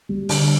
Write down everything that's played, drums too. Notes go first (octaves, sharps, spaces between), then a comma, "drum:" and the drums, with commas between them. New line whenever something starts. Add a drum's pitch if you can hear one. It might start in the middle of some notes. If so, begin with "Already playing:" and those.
G3
D3, drum: open hi-hat